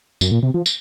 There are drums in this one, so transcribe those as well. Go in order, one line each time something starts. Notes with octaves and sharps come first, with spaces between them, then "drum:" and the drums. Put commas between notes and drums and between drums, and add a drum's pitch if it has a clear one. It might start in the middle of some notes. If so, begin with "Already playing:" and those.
F#2, drum: tambourine
A#2
C3
F3
drum: tambourine